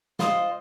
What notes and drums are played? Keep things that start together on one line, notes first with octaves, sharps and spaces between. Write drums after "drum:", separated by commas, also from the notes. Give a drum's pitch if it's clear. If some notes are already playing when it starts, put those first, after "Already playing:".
F4 C5 D#5, drum: snare